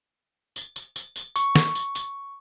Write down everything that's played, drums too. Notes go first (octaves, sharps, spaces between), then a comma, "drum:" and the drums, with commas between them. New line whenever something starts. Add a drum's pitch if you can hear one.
drum: tambourine
drum: tambourine
drum: tambourine
drum: tambourine
C#6, drum: tambourine
drum: snare
drum: tambourine
drum: tambourine